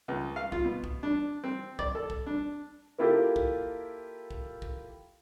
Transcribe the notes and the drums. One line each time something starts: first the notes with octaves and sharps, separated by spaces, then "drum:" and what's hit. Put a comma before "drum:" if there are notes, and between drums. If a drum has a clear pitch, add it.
C#2
F5
F4, drum: kick
B2
drum: kick
D4
C4
D5, drum: kick
A4
drum: kick
D4
A#3 E4 F4 G4 A4 A#4
drum: kick
drum: kick
drum: kick